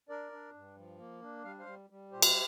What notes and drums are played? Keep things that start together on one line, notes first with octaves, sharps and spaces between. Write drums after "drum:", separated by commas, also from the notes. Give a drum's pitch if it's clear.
D4 A#4 D5
D4
G2
F3
A#3
D4
G3 F5
C5 F5
G3
G3
A#2 G4 C5
drum: cymbal